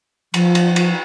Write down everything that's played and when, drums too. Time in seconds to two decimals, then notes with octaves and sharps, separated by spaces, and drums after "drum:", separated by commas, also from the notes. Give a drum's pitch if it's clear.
0.34 F3, drum: cymbal
0.55 drum: cymbal
0.76 drum: cymbal